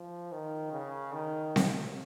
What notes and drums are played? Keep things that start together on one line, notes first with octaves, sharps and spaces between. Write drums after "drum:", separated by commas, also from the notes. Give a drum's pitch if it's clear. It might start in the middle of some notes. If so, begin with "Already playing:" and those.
Already playing: F3
D#3
C#3
D#3
drum: snare C4